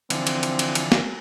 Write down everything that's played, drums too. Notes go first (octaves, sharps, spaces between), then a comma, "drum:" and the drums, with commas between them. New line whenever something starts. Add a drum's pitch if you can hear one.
D3 E3 F3 C4, drum: cymbal
drum: cymbal
drum: cymbal
drum: cymbal
drum: cymbal
drum: snare